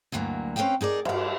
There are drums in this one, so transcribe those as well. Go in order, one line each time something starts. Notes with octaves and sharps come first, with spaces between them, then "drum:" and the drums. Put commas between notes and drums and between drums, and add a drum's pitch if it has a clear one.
D2 G2 E3 F#3 A#3
C4 C#4 A#4 B4 F5 G5
D#4 G#4 A#4 D5
G2 D5, drum: cymbal